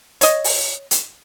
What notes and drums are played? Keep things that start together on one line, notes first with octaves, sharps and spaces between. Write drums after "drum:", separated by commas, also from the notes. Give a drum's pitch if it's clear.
C#5 D#5, drum: hi-hat
drum: open hi-hat
drum: hi-hat